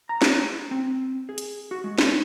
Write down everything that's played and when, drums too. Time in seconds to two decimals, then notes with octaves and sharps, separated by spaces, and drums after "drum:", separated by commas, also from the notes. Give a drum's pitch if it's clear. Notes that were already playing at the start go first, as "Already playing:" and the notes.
0.09 A#5
0.22 drum: snare
0.71 C4
1.29 G#4
1.38 drum: hi-hat
1.71 F#4
1.84 G#3
1.98 D#4, drum: snare